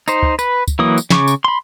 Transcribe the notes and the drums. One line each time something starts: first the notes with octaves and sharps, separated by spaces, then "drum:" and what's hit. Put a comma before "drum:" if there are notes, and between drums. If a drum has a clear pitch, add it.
D#4 C5, drum: tambourine
drum: kick
B4, drum: tambourine
drum: kick, tambourine
E3 F#3 A#3 D#6
drum: tambourine
C#3 C#6 D6, drum: snare
drum: tambourine
B5 C6